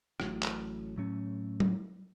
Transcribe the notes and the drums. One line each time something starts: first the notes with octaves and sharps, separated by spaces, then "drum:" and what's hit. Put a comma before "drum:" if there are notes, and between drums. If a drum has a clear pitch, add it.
A1 A2 F#3, drum: rim click
drum: clap
A2 F#3 A3 C#4
drum: tom F#3